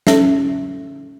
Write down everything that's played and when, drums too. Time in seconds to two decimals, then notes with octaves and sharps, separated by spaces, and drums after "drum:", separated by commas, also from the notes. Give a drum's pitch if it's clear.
0.07 C#4 A4 E5, drum: snare